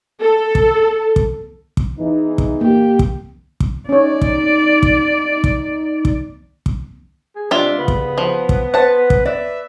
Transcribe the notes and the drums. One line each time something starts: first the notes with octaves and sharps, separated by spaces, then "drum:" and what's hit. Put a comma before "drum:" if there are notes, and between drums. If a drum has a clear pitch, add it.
A4
drum: kick
drum: kick
drum: kick
E2 E3 D#4
drum: kick
A#3 G4
drum: kick
drum: kick
C#4 D#4 C#5 D5
drum: kick
drum: kick
drum: kick
drum: kick
drum: kick
G#4
C3 D#3 G#3 D4 F4 E5
C2 C#3 B3 B5
drum: kick
F3
drum: kick
B4 C5 F#5 A5
drum: kick
B4 D5 E5